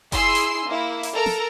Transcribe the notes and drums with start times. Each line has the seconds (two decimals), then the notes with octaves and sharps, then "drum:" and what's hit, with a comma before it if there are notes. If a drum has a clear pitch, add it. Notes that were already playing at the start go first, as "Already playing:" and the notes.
0.12 E4 G#4 C6 E6 C7, drum: kick F#1, hi-hat
0.35 drum: hi-hat
0.66 A#3 E4
1.03 drum: hi-hat
1.13 A4 A#4 A#5
1.26 drum: snare